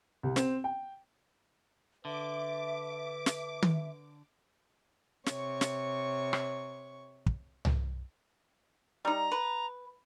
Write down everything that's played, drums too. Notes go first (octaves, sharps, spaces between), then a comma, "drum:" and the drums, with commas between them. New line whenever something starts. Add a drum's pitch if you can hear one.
C2
C4, drum: snare
G5
D3 B4 E5 D6
drum: snare
drum: tom D#3
C3 C#5 C#6, drum: snare
drum: snare
drum: rim click
drum: kick
drum: tom C2
G3 D#4 A#5
B4